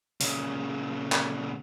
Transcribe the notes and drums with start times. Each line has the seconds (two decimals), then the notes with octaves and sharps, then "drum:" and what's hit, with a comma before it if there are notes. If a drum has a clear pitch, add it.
0.21 A#2 C#3, drum: open hi-hat
1.12 drum: clap